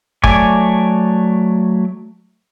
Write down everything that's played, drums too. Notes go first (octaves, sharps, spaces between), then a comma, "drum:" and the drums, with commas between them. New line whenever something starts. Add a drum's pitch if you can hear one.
F#3 A3 D5 G#5 D6, drum: kick